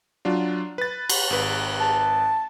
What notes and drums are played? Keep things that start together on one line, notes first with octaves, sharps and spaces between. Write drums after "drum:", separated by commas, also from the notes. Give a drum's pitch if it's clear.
F#3 D4 F4
B4 A6
drum: cymbal
G#1 B4
A5